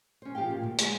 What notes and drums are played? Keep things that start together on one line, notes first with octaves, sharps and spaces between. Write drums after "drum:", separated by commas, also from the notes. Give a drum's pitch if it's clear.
C#4 C5
F3 G4 G#4 F5 G5
A#2
D2
G#3 G#4 C5, drum: hi-hat